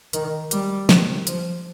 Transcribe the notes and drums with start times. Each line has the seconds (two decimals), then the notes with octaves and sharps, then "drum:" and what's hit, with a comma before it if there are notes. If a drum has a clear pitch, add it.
0.13 D#3, drum: hi-hat
0.51 G3, drum: hi-hat
0.89 drum: snare
1.27 F3, drum: hi-hat